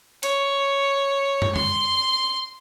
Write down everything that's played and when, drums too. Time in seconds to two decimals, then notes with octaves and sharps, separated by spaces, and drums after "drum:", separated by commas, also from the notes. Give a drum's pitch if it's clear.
0.23 C#5, drum: hi-hat
1.42 drum: tom
1.56 C6, drum: tom